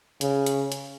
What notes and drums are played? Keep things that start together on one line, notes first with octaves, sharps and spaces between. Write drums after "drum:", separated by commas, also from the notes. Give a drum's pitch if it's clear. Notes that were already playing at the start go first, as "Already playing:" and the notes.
C#3, drum: hi-hat
drum: hi-hat
drum: hi-hat